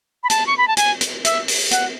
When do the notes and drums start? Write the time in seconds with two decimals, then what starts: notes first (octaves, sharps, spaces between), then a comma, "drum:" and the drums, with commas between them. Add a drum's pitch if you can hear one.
0.24 B5
0.30 A5, drum: hi-hat
0.47 C#6
0.58 B5
0.68 A5
0.77 G#5, drum: hi-hat
1.01 drum: hi-hat
1.25 E5, drum: hi-hat
1.48 drum: open hi-hat
1.71 F#5, drum: hi-hat